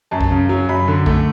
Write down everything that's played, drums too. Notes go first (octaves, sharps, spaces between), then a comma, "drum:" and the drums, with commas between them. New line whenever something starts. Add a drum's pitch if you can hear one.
F#2 A5
drum: kick B1
C#3
F#3
F#2 B5
D3
A3, drum: kick B1